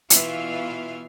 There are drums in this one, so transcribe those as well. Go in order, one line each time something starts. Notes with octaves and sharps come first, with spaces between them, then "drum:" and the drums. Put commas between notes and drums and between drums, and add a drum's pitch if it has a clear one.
B2 E3 F4 E5 F5, drum: hi-hat